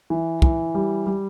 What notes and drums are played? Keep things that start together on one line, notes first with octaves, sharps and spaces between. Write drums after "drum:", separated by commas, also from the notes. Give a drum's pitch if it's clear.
E3
E3, drum: kick
G3
G3